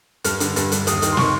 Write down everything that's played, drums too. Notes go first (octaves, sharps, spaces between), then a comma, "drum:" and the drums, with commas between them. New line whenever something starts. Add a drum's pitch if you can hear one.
G2 F6, drum: hi-hat
D3, drum: hi-hat
G2, drum: hi-hat
G2, drum: hi-hat
D#2 D#6, drum: hi-hat
D#3, drum: hi-hat
C6
D#3 C#6, drum: snare